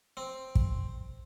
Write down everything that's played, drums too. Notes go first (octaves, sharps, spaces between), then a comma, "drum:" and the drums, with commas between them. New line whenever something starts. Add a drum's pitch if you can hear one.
C4
drum: kick